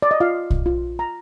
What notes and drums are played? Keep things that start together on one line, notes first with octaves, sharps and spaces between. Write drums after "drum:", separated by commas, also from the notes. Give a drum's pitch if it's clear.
D5
D#5
F4 F5
drum: kick B1
F4
A#5